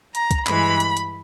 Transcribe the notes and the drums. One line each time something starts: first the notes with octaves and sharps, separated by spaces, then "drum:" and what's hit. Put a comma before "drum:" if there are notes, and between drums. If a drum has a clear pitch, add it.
A#5, drum: hi-hat
drum: kick C#2, hi-hat
G2 E3 G#3 B5, drum: clap
drum: hi-hat
drum: hi-hat